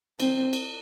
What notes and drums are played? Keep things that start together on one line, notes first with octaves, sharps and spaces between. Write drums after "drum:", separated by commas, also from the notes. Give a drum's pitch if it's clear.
C4, drum: cymbal
drum: cymbal